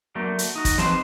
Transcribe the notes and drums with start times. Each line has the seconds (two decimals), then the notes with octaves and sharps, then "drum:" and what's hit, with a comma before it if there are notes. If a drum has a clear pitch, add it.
0.15 D3 F#3 A3 A#3
0.39 drum: hi-hat
0.56 D#4 F#4
0.65 drum: kick, hi-hat
0.78 C4 D#4 G4 B4 C5 A5, drum: snare